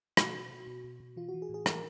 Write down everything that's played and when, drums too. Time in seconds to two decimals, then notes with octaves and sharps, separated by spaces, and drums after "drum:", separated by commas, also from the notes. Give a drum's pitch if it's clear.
0.17 B2 F#4, drum: rim click
0.34 B2
0.51 B2
0.67 B2
0.84 B2
1.00 B2
1.17 E3 F4
1.28 F#4
1.34 E3
1.42 G#4
1.49 A2
1.54 G#4
1.66 E3 A#4, drum: rim click